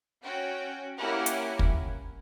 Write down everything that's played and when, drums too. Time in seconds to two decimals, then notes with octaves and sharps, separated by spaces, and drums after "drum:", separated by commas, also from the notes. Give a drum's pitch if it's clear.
0.23 C#4 F#4 G5
0.98 A#3 C#4 E4 G4 F#5
1.26 drum: hi-hat
1.59 drum: kick